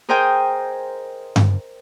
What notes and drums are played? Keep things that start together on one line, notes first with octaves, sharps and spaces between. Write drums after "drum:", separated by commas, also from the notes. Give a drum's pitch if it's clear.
G#4 A#4 C5 D#5 G5 G#5
drum: tom G2